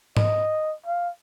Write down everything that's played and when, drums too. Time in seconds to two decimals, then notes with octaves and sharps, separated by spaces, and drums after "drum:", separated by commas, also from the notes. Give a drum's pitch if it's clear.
0.17 D#5, drum: tom G#2
0.86 F5